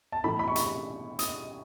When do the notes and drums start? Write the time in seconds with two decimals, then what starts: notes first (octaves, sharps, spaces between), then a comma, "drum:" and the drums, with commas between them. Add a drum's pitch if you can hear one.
0.12 A5
0.24 A2 E3 B5
0.39 B5
0.48 C#6
0.56 B5, drum: hi-hat
1.19 D#6, drum: hi-hat